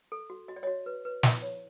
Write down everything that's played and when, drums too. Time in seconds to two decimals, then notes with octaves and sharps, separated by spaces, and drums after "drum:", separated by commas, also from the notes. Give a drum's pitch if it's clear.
0.12 A4
0.30 F#4
0.48 F#4 D#5
0.56 D5
0.63 F#4 C#5 D#5
0.86 B4
1.05 B4
1.23 E4, drum: snare
1.42 C#5